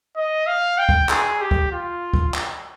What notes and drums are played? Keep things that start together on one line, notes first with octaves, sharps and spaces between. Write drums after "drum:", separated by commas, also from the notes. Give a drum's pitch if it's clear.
D#5
F5
G5
drum: kick C#2
G#4, drum: clap
G4
drum: kick C#2
F4
drum: kick C#2
drum: clap